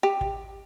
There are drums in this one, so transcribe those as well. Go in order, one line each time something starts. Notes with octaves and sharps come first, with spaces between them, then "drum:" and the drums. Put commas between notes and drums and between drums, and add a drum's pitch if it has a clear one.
G4
drum: kick